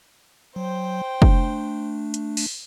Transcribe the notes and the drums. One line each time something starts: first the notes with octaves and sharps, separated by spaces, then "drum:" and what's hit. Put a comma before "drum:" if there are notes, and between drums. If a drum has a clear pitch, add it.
F#3 C5 G5
A3 D4, drum: kick
drum: hi-hat
drum: open hi-hat